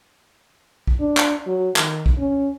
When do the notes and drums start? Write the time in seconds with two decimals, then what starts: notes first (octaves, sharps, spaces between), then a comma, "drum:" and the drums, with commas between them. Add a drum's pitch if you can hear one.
0.87 drum: kick
1.00 D4
1.17 drum: clap
1.47 F#3
1.76 D#3, drum: clap
2.06 drum: kick
2.18 C#4